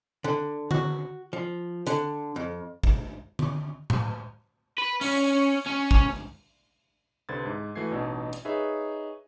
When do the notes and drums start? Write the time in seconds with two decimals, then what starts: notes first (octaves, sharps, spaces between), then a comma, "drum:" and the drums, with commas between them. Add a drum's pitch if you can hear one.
0.24 D3
0.71 F#4, drum: tom D3
1.33 F3
1.87 D3, drum: hi-hat
2.36 F2
2.83 drum: kick
3.39 drum: tom D3
3.90 drum: tom A2
4.78 B4
5.01 C#4, drum: open hi-hat
5.66 C#4
5.91 drum: kick
7.29 C2 D3 B4 C5 G#6 A6
7.45 G#2
7.75 E3 A3 F#4 G#6 C7
7.91 A1 B2 D4 D#4 E6
8.33 drum: hi-hat
8.45 D#4 G#4 B4 C#5 E5